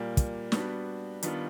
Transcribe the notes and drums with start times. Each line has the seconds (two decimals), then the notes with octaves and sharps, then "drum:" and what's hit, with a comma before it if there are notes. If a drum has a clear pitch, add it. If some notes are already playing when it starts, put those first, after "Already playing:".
Already playing: A#2 G3 A#3
0.17 drum: kick, hi-hat
0.52 G3 B3 D4 F#4, drum: snare
1.23 D#3 G3 B3 D4 F4, drum: hi-hat